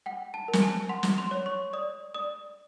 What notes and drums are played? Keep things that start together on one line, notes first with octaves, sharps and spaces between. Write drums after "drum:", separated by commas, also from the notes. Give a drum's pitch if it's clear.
F#5 G5
A5
A#4
G#5, drum: snare
A5
F#5 C6
drum: snare
C6
C#5
C#6
D5 D#6
D5 D#6